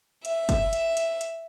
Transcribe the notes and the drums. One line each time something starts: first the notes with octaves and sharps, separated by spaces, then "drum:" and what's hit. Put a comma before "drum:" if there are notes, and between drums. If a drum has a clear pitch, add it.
E5, drum: hi-hat
drum: kick, hi-hat
drum: hi-hat
drum: hi-hat
drum: hi-hat